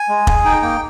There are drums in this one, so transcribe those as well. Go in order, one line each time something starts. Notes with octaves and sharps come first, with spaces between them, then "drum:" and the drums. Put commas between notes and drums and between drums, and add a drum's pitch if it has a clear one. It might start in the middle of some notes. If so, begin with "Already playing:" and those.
Already playing: G#5
G#3
G#4, drum: kick
D#4 G5
A#3 G5